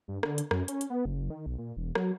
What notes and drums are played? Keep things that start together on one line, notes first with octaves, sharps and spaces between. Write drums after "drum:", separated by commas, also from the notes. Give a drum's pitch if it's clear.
G2
D3, drum: rim click
drum: hi-hat
F#2, drum: rim click
C#4, drum: hi-hat
drum: hi-hat
B3
F#1
D#3
B1
A#2
E1
F#3, drum: rim click